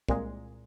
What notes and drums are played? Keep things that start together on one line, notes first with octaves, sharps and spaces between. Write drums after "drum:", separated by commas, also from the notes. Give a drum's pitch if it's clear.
C2 A#2 G#3, drum: kick